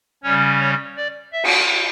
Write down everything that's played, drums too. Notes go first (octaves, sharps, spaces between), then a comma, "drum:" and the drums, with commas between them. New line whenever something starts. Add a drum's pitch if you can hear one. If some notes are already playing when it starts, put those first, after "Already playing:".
C#3 G3 C#4 C#5
C#5
D5
E5
drum: cymbal